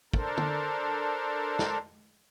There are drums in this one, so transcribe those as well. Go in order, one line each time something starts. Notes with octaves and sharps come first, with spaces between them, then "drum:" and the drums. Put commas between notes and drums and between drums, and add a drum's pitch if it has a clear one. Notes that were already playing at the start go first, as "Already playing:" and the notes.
D4 A4 A#4 C5, drum: kick
drum: tom D3
drum: snare